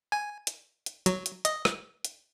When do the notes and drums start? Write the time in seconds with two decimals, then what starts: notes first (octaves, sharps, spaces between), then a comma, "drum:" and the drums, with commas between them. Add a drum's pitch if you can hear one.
0.12 G#5
0.47 drum: hi-hat
0.86 drum: hi-hat
1.06 F#3, drum: hi-hat
1.26 drum: hi-hat
1.45 D#5, drum: hi-hat
1.65 drum: rim click
2.05 drum: hi-hat